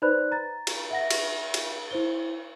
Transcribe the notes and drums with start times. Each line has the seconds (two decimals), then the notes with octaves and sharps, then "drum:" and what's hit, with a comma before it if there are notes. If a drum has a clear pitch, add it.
0.02 D#4 B4 C5 D5 B5 F#6
0.32 A#5 A6
0.67 drum: cymbal
0.91 E5 F#5 A#6
1.11 drum: cymbal
1.54 drum: cymbal
1.91 E4 C5 G7